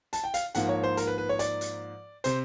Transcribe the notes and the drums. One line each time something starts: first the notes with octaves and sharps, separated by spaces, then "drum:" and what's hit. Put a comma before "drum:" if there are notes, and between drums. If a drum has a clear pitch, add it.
A5, drum: hi-hat
G5
F5, drum: hi-hat
G#2 F3 A#3 F#5, drum: hi-hat
C#5
C5
A#4, drum: hi-hat
B4
B4
C#5
D5, drum: hi-hat
drum: hi-hat
C3 C5, drum: hi-hat